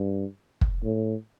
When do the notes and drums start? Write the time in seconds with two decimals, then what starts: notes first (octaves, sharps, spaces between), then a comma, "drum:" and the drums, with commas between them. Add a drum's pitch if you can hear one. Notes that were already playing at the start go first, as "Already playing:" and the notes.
Already playing: G2
0.61 drum: kick
0.83 A2